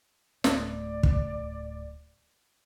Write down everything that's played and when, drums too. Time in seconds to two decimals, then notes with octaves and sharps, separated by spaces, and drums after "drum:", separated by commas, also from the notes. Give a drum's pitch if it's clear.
0.44 D1 A3 D5, drum: snare
1.03 drum: kick